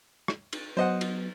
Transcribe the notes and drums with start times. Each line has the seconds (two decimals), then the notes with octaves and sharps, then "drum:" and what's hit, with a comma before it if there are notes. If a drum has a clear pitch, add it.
0.28 drum: rim click
0.53 drum: cymbal
0.77 F#3 B3 C5 D#5 F#5
1.01 drum: cymbal